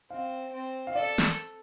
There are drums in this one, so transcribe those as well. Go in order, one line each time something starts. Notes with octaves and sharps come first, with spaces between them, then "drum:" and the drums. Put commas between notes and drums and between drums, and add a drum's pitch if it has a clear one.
C4 F5
C4
F5
A4 D5
drum: snare